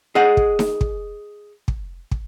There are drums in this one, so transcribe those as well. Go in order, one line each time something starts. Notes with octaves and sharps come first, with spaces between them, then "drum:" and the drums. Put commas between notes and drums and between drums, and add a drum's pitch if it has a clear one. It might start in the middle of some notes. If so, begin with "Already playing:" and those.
G#4 D#5 F#5
drum: kick
drum: snare D#4
drum: kick
drum: kick
drum: kick